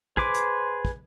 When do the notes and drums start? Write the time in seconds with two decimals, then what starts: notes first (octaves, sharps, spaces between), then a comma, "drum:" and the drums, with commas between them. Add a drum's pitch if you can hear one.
0.17 G#4 B4 C5 D6, drum: kick
0.34 drum: hi-hat
0.85 drum: kick